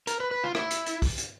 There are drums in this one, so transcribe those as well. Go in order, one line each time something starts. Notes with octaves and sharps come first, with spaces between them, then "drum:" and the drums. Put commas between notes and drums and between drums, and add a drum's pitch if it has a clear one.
A#4, drum: hi-hat
B4
B4
F4
E4, drum: rim click
drum: hi-hat
drum: hi-hat
drum: kick, open hi-hat
drum: hi-hat